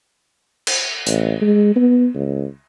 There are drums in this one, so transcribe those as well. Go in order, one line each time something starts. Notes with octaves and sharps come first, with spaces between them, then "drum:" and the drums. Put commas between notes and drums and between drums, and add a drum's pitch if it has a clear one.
drum: cymbal
A1, drum: hi-hat
G#3
B3
C#2